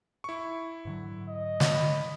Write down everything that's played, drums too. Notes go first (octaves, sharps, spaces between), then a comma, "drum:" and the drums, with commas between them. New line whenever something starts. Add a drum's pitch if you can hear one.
E4 C#6
G#2 D3 F#3
D#5
drum: snare
B5